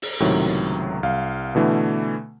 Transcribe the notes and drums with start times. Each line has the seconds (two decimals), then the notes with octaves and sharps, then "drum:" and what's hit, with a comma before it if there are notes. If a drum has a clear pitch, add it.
0.02 drum: open hi-hat
0.20 C#2 A2 C3 D#3 F#3
1.03 C2 F5
1.55 B2 D3 E3 A3